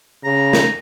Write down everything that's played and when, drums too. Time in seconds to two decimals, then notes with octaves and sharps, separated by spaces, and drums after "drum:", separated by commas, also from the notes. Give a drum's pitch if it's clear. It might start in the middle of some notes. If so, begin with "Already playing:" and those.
0.24 C#3 A#5
0.53 drum: snare